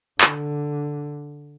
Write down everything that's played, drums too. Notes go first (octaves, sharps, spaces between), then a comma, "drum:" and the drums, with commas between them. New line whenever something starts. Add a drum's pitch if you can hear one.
D3, drum: clap